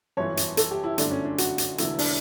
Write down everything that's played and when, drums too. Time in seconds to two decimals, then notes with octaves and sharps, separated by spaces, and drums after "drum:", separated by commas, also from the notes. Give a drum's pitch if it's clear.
0.17 G1 F#2 E3 C#5
0.37 drum: hi-hat
0.57 A4, drum: hi-hat
0.71 G4
0.84 E4
0.98 G1 F#2 D3 A3 D4, drum: hi-hat
1.11 C#4
1.25 D4
1.38 F#4, drum: hi-hat
1.58 drum: hi-hat
1.78 E1 E2 D3 F#3 A3 E4, drum: hi-hat
1.99 D4, drum: open hi-hat